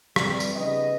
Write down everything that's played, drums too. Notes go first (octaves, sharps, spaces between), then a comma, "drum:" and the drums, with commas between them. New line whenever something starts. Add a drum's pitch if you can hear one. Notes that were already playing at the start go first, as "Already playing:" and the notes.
F2 E3 G3, drum: rim click
drum: tambourine
C#3 G3 B3 D#4 B4 D#5